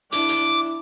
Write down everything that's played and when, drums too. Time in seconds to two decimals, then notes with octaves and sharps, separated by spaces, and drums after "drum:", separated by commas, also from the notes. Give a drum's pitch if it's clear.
0.12 D4 E4 D6, drum: hi-hat
0.29 drum: hi-hat